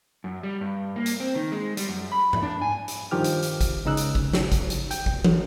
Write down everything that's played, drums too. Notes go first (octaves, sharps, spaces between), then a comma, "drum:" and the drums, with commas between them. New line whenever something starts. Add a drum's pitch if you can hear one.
F#2
G3
G2
A#3
drum: hi-hat
C4
D#3
G#3
G3, drum: hi-hat
F#2
B5
drum: tom G#2
D4
G#5
drum: hi-hat
G2 D#3 F3 G4 F6
drum: hi-hat
drum: hi-hat
drum: kick G#1, hi-hat
C#2 C#3 D#4 E6 F#6
drum: hi-hat
drum: kick G#1
drum: snare
drum: kick G#1, hi-hat
drum: hi-hat
G5, drum: hi-hat
drum: kick G#1
F#3, drum: tom